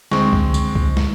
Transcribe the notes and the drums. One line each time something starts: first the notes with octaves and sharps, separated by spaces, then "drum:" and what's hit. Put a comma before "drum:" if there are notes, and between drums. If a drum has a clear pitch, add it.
D2 D3 G#3 C4 C#6, drum: snare
drum: kick C#2
drum: tambourine
drum: kick C#2
drum: snare